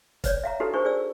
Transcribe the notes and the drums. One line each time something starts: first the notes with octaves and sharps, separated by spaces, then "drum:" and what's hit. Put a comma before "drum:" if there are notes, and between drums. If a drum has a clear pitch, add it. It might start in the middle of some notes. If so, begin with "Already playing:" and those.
B4 C#5 D5, drum: kick, hi-hat
E5 F5 A#5
D4 D#4 F#4 G4 A4 B4
D4 D#4 G#4 A#4 C5 C#6
G#4 D5 E6